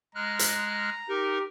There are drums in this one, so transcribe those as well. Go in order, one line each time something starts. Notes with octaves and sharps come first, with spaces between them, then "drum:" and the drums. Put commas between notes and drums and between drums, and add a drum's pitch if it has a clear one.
G#3 A#5 F6 F#6
drum: hi-hat
D#4 G4 A#4